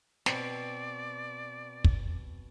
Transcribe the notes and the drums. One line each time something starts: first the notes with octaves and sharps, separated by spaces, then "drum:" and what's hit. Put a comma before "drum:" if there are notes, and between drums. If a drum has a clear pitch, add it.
B2 C4 D5, drum: snare
drum: kick